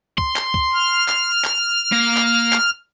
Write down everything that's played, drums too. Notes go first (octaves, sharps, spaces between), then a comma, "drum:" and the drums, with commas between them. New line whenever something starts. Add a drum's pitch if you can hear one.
C6, drum: kick
drum: clap
drum: kick
F6
drum: clap
drum: clap
A#3
drum: clap
drum: clap